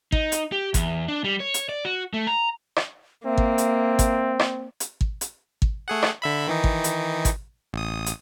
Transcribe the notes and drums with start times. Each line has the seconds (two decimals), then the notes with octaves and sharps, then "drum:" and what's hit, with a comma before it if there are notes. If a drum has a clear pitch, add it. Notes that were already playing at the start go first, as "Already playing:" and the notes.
0.12 D#4, drum: kick
0.32 drum: hi-hat
0.52 G4
0.74 E2, drum: kick, hi-hat
1.08 D4
1.24 G3
1.40 C#5
1.54 drum: hi-hat
1.69 D5
1.85 F#4
2.14 A3
2.27 A#5
2.76 drum: rim click
3.25 A#3 C4 E5
3.38 drum: kick
3.58 drum: hi-hat
3.99 drum: kick, hi-hat
4.39 drum: rim click
4.80 drum: hi-hat
5.01 drum: kick
5.21 drum: hi-hat
5.62 drum: kick
5.88 A3 G#4 F#5
6.03 drum: rim click
6.22 D3 E5 B5
6.47 D#3 E3 D#4
6.64 drum: kick
6.84 drum: hi-hat
7.25 drum: kick, hi-hat
7.73 A1 D#6
8.06 drum: hi-hat